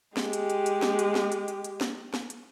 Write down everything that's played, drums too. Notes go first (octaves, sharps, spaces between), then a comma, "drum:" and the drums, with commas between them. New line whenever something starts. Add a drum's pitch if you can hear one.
G#3 G4, drum: snare
drum: hi-hat
drum: hi-hat
drum: hi-hat
drum: snare
drum: hi-hat
drum: snare
drum: hi-hat
drum: hi-hat
drum: hi-hat
drum: snare
drum: snare
drum: hi-hat